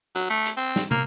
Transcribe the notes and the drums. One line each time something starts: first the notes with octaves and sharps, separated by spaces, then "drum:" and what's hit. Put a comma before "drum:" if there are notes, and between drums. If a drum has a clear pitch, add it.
F#3
A3
drum: hi-hat
C4
drum: snare
A#3, drum: tom